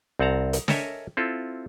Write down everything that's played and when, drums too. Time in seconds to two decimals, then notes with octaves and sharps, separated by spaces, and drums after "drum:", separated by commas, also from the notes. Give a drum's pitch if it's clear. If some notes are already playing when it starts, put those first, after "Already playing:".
0.19 C2 C4 F#5 A5 A#5
0.53 drum: hi-hat
0.68 A4 A#4 C#5 D#5 E5 G#5, drum: snare
1.17 C4 E4 F4 A4